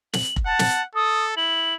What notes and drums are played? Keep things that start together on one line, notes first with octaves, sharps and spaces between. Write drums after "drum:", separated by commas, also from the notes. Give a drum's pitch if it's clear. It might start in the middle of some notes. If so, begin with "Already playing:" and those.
F#7, drum: snare
drum: kick F1
F#5 A5
drum: snare
A4 D#6
E4 F#7